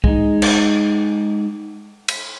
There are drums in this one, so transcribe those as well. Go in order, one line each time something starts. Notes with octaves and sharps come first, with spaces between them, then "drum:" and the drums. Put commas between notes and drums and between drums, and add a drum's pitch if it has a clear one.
G#3 D#4, drum: kick
drum: cymbal
drum: cymbal